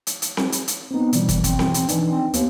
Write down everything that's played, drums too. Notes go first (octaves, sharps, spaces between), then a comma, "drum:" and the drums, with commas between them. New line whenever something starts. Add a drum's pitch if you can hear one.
drum: hi-hat
drum: hi-hat
drum: snare C4
drum: hi-hat
drum: hi-hat
B3 C4 D#4
B2 E3 F3 G3, drum: hi-hat
drum: kick, hi-hat
C4, drum: kick, hi-hat
drum: snare C4
drum: hi-hat
E3 F3 D4 D#4, drum: hi-hat
C4
D#2 B3, drum: hi-hat